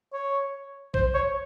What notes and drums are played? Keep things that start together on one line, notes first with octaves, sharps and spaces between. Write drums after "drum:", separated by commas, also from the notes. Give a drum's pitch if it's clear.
C#5
C5, drum: kick
C#5